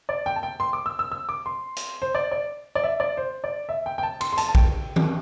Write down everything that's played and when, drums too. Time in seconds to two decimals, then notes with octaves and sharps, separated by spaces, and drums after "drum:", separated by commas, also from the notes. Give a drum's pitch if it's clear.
0.09 D5
0.26 G5
0.36 A5
0.43 G5
0.60 C6
0.73 D6
0.86 E6
0.99 E6
1.12 E6
1.29 D6
1.46 C6
1.76 drum: hi-hat
2.02 C5
2.15 D5
2.32 D5
2.75 D5
2.83 E5
3.00 D5
3.17 C5
3.44 D5
3.69 E5
3.86 G5
3.98 G5
4.03 A5
4.21 C6, drum: cymbal
4.33 C6
4.37 A5, drum: hi-hat
4.49 A5
4.55 G5, drum: kick A#1
4.96 drum: tom D#3